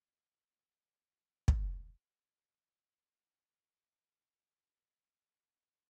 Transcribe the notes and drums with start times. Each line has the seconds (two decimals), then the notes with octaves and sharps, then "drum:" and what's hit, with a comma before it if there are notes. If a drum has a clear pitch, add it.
0.77 F5 F#5 B5
1.11 F#3 G#3 C4 C#4
1.48 drum: kick
1.94 C5
3.98 F3 G#3
4.37 B3
5.04 E2 D5
5.40 G2 A#2